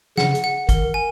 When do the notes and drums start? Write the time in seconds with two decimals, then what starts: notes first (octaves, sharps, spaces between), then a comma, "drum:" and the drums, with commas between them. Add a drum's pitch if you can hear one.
0.18 C#3 F#5, drum: snare
0.35 drum: hi-hat
0.44 F#5
0.69 D#3 A#4, drum: kick, hi-hat
0.94 G#5